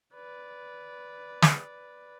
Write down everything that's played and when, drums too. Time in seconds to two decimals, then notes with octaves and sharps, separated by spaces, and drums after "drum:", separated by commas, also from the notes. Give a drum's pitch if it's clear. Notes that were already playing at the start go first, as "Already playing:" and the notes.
0.14 B4 D5
1.42 drum: snare